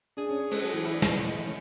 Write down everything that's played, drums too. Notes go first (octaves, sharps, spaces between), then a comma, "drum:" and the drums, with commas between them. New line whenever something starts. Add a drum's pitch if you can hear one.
D4 G#4
C#4
C#4
G#3 A4, drum: cymbal
F#3 G#4
A4
E3
G#4
E3 E4
D4
C#4, drum: snare
B3
G#3
A3
C#4